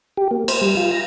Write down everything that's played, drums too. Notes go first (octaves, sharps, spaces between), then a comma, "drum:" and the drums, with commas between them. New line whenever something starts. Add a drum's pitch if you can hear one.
G4
A#3
C5, drum: cymbal
G3
F4
A#6